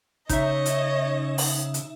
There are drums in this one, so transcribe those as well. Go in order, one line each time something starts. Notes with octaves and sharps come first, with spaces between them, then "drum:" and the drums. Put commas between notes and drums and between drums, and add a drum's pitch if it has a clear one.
C#3 D#4 C#5 D#5 E5, drum: kick G#1, hi-hat
drum: hi-hat
drum: open hi-hat
drum: hi-hat